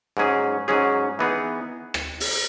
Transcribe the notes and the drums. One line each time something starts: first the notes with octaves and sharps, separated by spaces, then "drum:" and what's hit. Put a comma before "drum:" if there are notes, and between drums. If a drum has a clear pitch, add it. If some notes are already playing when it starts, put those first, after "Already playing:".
G#2 F#3 C#4 G#4
G#2 F#3 C#4 G#4
E3 B3 D#4 G#4
drum: rim click
drum: open hi-hat